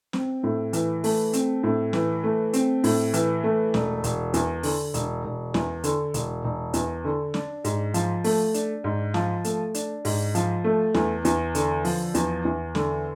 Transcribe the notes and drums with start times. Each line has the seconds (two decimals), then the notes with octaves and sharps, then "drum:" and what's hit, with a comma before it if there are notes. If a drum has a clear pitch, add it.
0.13 C4, drum: snare
0.44 A2
0.73 E3, drum: hi-hat
1.04 A3, drum: open hi-hat
1.33 C4, drum: hi-hat
1.63 A2
1.93 E3, drum: snare
2.24 A3
2.53 C4, drum: hi-hat
2.84 A2, drum: open hi-hat
3.14 E3, drum: hi-hat
3.44 A3
3.74 E1, drum: snare
4.04 E1, drum: hi-hat
4.34 E2, drum: hi-hat
4.63 D3, drum: open hi-hat
4.94 E1, drum: hi-hat
5.24 E1
5.54 E2, drum: snare
5.84 D3, drum: hi-hat
6.14 E1, drum: hi-hat
6.44 E1
6.73 E2, drum: hi-hat
7.04 D3
7.34 D4, drum: snare
7.64 G#2, drum: hi-hat
7.94 F3, drum: hi-hat
8.24 A3, drum: open hi-hat
8.54 D4, drum: hi-hat
8.84 G#2
9.14 F3, drum: snare
9.44 A3, drum: hi-hat
9.74 D4, drum: hi-hat
10.05 G#2, drum: open hi-hat
10.35 F3, drum: hi-hat
10.64 A3
10.94 E2, drum: snare
11.25 E2, drum: hi-hat
11.55 D3, drum: hi-hat
11.85 F3, drum: open hi-hat
12.14 E2, drum: hi-hat
12.45 E2
12.75 D3, drum: snare